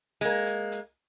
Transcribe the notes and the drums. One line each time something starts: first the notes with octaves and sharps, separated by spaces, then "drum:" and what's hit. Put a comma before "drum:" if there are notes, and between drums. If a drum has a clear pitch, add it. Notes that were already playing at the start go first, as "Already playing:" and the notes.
G#3 A#3, drum: hi-hat
drum: hi-hat
drum: hi-hat